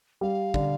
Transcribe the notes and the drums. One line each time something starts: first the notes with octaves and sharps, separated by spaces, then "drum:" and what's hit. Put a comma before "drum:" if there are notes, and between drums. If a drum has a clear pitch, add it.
G3 F5
D3, drum: kick